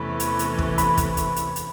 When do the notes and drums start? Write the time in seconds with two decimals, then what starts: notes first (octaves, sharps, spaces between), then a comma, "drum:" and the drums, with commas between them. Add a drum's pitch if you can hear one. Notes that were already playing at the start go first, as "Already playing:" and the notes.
Already playing: E2 C3 E3 A3 C#4 B5
0.20 drum: hi-hat
0.39 drum: hi-hat
0.59 drum: kick
0.78 B5, drum: hi-hat
0.97 drum: kick, hi-hat
1.17 drum: hi-hat
1.36 drum: hi-hat
1.56 drum: hi-hat